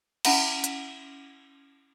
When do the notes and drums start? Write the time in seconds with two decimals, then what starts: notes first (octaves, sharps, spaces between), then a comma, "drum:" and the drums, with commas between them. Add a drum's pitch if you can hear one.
0.25 C#4 E4 E5 F#5 B5, drum: cymbal
0.64 drum: hi-hat